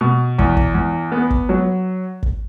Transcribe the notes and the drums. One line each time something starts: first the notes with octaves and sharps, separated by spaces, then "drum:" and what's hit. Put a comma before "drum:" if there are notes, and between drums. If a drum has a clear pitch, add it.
B2
E2, drum: kick
drum: kick
E2
B3
drum: kick
F#3
drum: kick